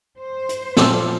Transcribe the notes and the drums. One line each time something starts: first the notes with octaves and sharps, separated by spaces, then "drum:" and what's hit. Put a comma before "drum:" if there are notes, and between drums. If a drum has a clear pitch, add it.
C5
drum: hi-hat
A#2 F3 A4 D6 E6, drum: snare